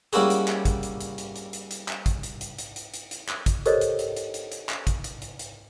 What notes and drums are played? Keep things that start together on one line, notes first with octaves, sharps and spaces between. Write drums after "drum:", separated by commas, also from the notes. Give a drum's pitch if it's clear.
G3 A#3 C#4 E4 F#4 G#4, drum: hi-hat
drum: hi-hat
drum: clap
drum: kick, hi-hat
drum: hi-hat
drum: hi-hat
drum: hi-hat
drum: hi-hat
drum: hi-hat
drum: hi-hat
drum: clap
drum: kick, hi-hat
drum: hi-hat
drum: hi-hat
drum: hi-hat
drum: hi-hat
drum: hi-hat
drum: hi-hat
drum: clap
drum: kick, hi-hat
G4 A4 A#4 C5 C#5 D#5, drum: hi-hat
drum: hi-hat
drum: hi-hat
drum: hi-hat
drum: hi-hat
drum: hi-hat
drum: clap
drum: kick, hi-hat
drum: hi-hat
drum: hi-hat
drum: hi-hat